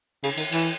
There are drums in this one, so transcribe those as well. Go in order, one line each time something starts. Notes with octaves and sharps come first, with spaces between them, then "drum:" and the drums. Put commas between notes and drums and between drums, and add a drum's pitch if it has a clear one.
C#3, drum: cymbal
D#3, drum: cymbal
E3, drum: cymbal